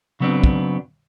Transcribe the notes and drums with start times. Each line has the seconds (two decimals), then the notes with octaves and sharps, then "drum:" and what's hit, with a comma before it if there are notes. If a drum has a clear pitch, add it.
0.20 C#3 F#3 B3 C4 D4
0.44 drum: kick